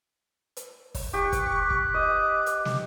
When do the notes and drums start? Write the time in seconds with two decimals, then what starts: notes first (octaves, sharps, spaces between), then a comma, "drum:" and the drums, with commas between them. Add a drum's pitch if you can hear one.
0.57 drum: hi-hat
0.95 drum: kick, open hi-hat
1.13 G4 C#6 F#6
1.32 drum: kick, hi-hat
1.70 drum: kick
1.94 D#5 D6
2.46 drum: hi-hat
2.65 drum: snare